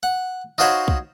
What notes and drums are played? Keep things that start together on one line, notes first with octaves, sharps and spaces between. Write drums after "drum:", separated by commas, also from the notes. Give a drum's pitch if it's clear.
F#5
D#4 F4 F#4 C5 C#5 B5
drum: kick